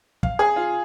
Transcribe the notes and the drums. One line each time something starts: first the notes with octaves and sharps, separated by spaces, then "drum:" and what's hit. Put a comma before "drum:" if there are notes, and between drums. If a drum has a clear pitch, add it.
F5, drum: kick
G#4
F4